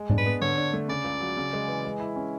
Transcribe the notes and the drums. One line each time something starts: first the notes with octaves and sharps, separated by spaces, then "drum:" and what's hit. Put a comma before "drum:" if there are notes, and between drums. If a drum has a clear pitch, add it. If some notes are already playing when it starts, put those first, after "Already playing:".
Already playing: G#3
D4, drum: tom G#2
B4
B3
D3 C#5
D4
A3
C#3 D5
C#2
F#3
C#3
G#3
E3
G#3
E4
C#4